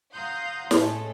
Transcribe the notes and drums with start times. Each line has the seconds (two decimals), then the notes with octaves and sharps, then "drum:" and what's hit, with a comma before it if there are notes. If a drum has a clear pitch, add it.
0.14 F5 F#5 A#5 C6 D#6 G6
0.71 A2 G#3 A3 C#4 A4, drum: snare